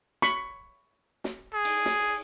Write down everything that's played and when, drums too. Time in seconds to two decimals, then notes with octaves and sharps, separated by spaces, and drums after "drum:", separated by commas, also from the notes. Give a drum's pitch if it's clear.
0.22 B5 C#6, drum: snare
1.24 drum: snare
1.54 G#4
1.65 drum: cymbal
1.85 drum: snare